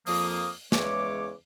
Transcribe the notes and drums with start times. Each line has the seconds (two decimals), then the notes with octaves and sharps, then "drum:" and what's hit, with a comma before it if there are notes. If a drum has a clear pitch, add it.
0.07 F2 F3 A#3 D#6, drum: open hi-hat
0.72 E2 C#3 E3 G#3 C#5 D6, drum: snare